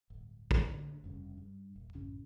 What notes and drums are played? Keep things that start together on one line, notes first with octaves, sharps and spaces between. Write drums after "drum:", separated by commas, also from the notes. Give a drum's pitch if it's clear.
D1 G1
drum: kick
D3
F1 G2 C#3
G2
D#1
A1 F#2 C#3 C#4